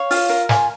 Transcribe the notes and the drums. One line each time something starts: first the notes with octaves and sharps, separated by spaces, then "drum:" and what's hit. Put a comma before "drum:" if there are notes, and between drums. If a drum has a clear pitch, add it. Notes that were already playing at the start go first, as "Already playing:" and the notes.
Already playing: C#5 F5
F4, drum: open hi-hat
A#4
F4 G#5, drum: snare